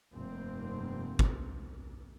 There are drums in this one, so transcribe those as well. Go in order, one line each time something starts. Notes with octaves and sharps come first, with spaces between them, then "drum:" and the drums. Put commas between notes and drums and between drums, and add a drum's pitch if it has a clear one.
F1 G2 A#3 C4
drum: kick